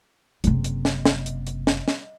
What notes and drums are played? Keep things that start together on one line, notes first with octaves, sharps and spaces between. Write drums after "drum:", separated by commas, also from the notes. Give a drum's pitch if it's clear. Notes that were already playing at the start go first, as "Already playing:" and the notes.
F#1 C3, drum: hi-hat
drum: hi-hat
drum: snare
drum: snare
drum: hi-hat
drum: hi-hat
drum: snare
drum: snare